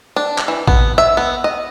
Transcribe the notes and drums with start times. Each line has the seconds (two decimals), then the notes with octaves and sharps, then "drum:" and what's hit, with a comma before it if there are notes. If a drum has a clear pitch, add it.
0.16 D4
0.38 drum: clap
0.48 E3
0.67 B3, drum: kick A1
0.98 E5
1.17 B3
1.44 D#5